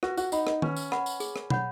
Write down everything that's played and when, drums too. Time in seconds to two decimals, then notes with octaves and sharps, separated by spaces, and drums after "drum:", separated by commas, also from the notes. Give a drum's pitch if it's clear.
0.03 F#4 B4, drum: rim click
0.17 F#4, drum: tambourine
0.32 D#4 F#5 B5, drum: tambourine
0.47 D#4, drum: rim click
0.62 C#4 B4, drum: tom D#3
0.77 drum: tambourine
0.92 F#5 B5, drum: rim click
1.06 drum: tambourine
1.20 G#4, drum: tambourine
1.36 drum: rim click
1.50 C#5 F#5 B5, drum: tom